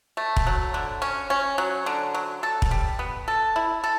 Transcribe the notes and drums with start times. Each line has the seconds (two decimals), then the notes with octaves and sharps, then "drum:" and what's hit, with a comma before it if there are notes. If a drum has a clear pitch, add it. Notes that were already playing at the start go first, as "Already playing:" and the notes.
0.17 A3
0.36 drum: kick
0.46 F#3
0.74 D3
1.02 C#4
1.30 C#4
1.58 F#3
1.86 D3
2.14 F#3
2.43 A4
2.62 drum: kick
2.71 G3
2.99 B3
3.28 A4
3.56 E4
3.84 A4